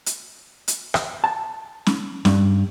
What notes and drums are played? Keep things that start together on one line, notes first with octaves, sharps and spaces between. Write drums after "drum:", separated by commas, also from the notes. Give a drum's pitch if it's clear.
drum: hi-hat
drum: hi-hat
drum: rim click
A5
drum: snare C#4
G2, drum: snare C#4